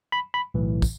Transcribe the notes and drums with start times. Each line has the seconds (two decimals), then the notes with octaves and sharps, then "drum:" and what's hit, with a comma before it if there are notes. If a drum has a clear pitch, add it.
0.12 B5
0.34 B5
0.54 B1 A2 E3
0.82 drum: kick, tambourine